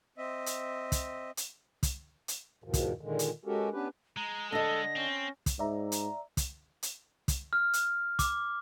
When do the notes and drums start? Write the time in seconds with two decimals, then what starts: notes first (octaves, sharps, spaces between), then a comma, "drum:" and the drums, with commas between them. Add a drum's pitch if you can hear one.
0.18 C4 D#5 E5
0.46 drum: hi-hat
0.92 drum: kick, hi-hat
1.37 drum: hi-hat
1.83 drum: kick, hi-hat
2.28 drum: hi-hat
2.64 E2 G#2 B2 D#3 F3
2.74 drum: kick, hi-hat
3.01 A#2 D3 D#3 G#3
3.19 drum: hi-hat
3.45 G#3 C#4 F#4 G4 A4 A#4
3.72 B3 C#4 D4 G4 B4
4.17 G#3 A#5
4.52 D3 A4 D#5 A#6
4.96 C4 C#4
5.46 drum: kick, hi-hat
5.59 G#2 D5 E5 A#5
5.92 drum: hi-hat
6.37 drum: kick, hi-hat
6.83 drum: hi-hat
7.28 drum: kick, hi-hat
7.53 F6
7.73 drum: hi-hat
8.19 D6, drum: kick, hi-hat